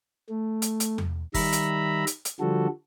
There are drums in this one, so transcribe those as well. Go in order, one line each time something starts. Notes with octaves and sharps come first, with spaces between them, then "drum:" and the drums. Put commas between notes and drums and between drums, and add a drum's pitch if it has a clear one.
A3
drum: hi-hat
drum: hi-hat
drum: tom E2
D#3 G3 E5 A#5 B5, drum: kick F#1, open hi-hat
drum: hi-hat
drum: hi-hat
drum: hi-hat
D3 F3 G3 F#4 A4